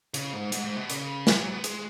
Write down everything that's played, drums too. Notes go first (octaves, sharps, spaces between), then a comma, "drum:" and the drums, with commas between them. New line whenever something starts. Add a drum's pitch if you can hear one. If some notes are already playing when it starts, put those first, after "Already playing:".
C#3, drum: hi-hat
G#2
G#2, drum: hi-hat
G#2
B2
C#3, drum: hi-hat
E3, drum: snare
F#3
B3
G#3, drum: hi-hat